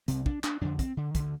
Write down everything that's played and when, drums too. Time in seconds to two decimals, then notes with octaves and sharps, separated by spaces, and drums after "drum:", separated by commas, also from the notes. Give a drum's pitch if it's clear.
0.08 C2 C3 C4, drum: hi-hat
0.26 D4, drum: kick
0.44 D4, drum: clap
0.61 F2 D3 D4
0.79 C4, drum: kick, hi-hat
0.97 D3
1.15 D2 D3 D#3, drum: kick, hi-hat